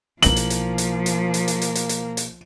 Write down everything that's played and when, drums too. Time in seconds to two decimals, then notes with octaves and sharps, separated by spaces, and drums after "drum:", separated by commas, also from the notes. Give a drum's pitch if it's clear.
0.22 B1 F3 A#3 E4 F#7, drum: hi-hat
0.36 drum: hi-hat
0.50 drum: hi-hat
0.78 drum: hi-hat
1.06 drum: hi-hat
1.34 drum: hi-hat
1.48 drum: hi-hat
1.62 drum: hi-hat
1.75 drum: hi-hat
1.89 drum: hi-hat
2.17 drum: hi-hat